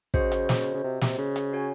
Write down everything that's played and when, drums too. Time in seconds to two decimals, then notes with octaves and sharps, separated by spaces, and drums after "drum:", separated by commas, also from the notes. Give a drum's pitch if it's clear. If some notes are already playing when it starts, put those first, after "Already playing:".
0.14 C#3 F#4 C5 D#5, drum: kick
0.32 drum: hi-hat
0.49 drum: snare
0.74 C#3
0.84 C3
1.01 C3, drum: snare
1.18 C#3
1.36 drum: hi-hat
1.53 F#4 C#5 G#5